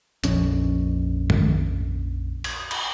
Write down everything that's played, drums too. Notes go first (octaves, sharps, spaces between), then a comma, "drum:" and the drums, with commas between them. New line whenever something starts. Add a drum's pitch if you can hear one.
A#1 F2 C#4, drum: hi-hat
drum: tom
drum: cymbal
drum: cymbal